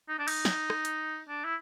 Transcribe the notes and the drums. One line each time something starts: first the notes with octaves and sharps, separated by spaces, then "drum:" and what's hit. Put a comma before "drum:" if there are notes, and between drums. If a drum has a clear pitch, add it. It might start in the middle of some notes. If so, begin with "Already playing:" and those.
D#4
D4
D#4, drum: cymbal
drum: snare
drum: rim click
drum: hi-hat
D4
E4